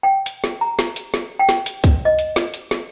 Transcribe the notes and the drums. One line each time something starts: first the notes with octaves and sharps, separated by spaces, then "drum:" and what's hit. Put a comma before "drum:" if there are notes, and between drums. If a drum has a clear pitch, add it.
G5
drum: hi-hat
drum: snare
A#5
drum: snare
drum: hi-hat
drum: snare
G5
drum: snare
drum: hi-hat
drum: kick, hi-hat
D#5
drum: hi-hat
drum: snare
drum: hi-hat
drum: snare